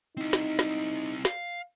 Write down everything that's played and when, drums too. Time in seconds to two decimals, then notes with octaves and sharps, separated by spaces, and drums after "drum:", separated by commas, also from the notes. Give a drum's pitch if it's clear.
0.17 C4 D#4 E4
0.33 drum: snare
0.59 drum: snare
1.25 F5, drum: snare